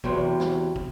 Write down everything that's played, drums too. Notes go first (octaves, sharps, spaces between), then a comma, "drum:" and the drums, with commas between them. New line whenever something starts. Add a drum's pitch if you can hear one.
E2 C3 F#3, drum: kick
drum: snare
drum: kick